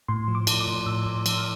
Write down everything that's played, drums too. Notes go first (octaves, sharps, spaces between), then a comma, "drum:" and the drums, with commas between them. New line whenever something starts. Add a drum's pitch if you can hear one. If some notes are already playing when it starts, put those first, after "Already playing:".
A2 C6
F3
D6
A2, drum: cymbal
D6
A2
A2 E6
A2
F3, drum: cymbal
F6